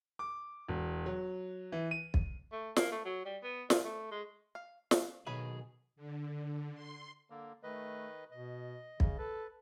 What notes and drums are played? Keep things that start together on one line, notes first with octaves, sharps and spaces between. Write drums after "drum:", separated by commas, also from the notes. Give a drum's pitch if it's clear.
D6
E1
F#3
E3
D#7
drum: kick
A3
A#3, drum: snare
A3
F#3
G3
B3
A#2, drum: snare
A3
G#3
F5
F5, drum: snare
B1 B2 D#3 G#4 B4 C#5 B5
D3
C6
D3 A#3
D#3 A3 B4 D#5
B2 D#5
C#3, drum: kick
A4 B4